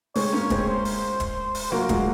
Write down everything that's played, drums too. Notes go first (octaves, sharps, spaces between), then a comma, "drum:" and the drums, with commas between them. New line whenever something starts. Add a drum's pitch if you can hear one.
G#3 C4 C#5, drum: open hi-hat
A#3 C#4
G#3 C4, drum: kick D1, hi-hat
C5
drum: open hi-hat
drum: kick D1, hi-hat
drum: open hi-hat
F#3 A#3 F#4
F3 G#3, drum: kick D1, hi-hat